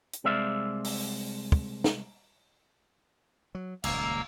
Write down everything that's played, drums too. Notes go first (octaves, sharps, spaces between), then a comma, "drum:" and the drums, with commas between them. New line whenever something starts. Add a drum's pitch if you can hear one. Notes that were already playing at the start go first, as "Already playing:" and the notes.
drum: hi-hat
C2 G#3 C4 D5 E5 F5
drum: open hi-hat
drum: kick
drum: snare
F#3
D#1 C#2 A#3 A#5 E6, drum: cymbal